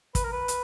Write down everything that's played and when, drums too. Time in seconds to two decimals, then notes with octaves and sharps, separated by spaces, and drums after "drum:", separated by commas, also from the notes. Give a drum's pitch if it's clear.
0.15 B4, drum: kick, hi-hat
0.23 A#4
0.32 B4
0.48 drum: hi-hat